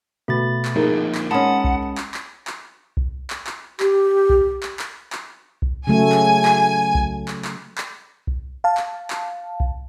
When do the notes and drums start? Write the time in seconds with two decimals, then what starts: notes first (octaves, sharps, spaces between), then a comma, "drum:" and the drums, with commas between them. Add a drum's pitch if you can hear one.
0.28 B2 A3 B5 A6
0.65 drum: clap
0.76 F2 A#2 D#4 G#4 A#4
1.15 drum: clap
1.31 G#3 C#4 F#5 A5 B5 D#6
1.64 drum: kick B1
1.98 drum: clap
2.14 drum: clap
2.47 drum: clap
2.97 drum: kick B1
3.30 drum: clap
3.47 drum: clap
3.80 G4, drum: clap
4.30 drum: kick B1
4.63 drum: clap
4.79 drum: clap
5.12 drum: clap
5.62 drum: kick B1
5.87 C#3 F#3 A3 G#5
6.12 drum: clap
6.45 drum: clap
6.95 drum: kick B1
7.28 drum: clap
7.45 drum: clap
7.78 drum: clap
8.27 drum: kick B1
8.64 F5 A5
8.77 drum: clap
9.10 drum: clap
9.60 drum: kick B1